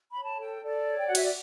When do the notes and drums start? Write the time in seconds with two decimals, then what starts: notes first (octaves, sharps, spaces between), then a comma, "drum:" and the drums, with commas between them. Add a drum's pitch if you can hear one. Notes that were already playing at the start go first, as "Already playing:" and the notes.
0.10 B5
0.17 C#5
0.24 A5
0.39 A4 G5
0.62 A4 D5
0.85 C#5
0.98 G5
1.07 F#4 F#5
1.15 E5, drum: cymbal
1.22 D5